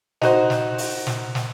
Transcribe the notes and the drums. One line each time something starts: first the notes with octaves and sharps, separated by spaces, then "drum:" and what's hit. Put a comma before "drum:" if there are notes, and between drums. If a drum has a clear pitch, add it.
D#4 F#4 C5, drum: snare
drum: snare
drum: open hi-hat
drum: snare
drum: snare